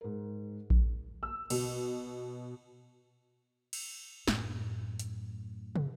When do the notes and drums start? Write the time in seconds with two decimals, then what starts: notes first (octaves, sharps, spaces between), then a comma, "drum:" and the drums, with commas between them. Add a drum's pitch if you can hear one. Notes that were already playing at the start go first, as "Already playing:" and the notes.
0.01 G#2 A#4
0.70 drum: kick A#1
1.23 E6
1.50 B2, drum: cymbal
3.73 drum: cymbal
4.28 F#2 A2, drum: snare
4.99 drum: hi-hat
5.76 drum: tom